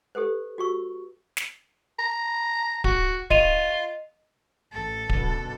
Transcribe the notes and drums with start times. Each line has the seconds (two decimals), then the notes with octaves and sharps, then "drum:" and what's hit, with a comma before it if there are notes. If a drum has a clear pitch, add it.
0.15 G4 A4 B4 C5
0.58 F#4 G4 C#6 E6
1.37 drum: snare
1.99 A#5
2.84 F#4, drum: kick D1
3.30 F4 D#5 D#7 F7, drum: kick D1
4.73 A1 A4
5.09 F#2 B2 D3, drum: kick D1